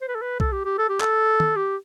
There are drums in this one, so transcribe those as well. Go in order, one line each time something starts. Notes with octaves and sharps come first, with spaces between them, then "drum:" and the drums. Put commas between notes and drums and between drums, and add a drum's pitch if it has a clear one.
C5
B4
A4
B4
A4, drum: kick B1
G4
G4
A4
G4
A4, drum: clap
drum: tom
G4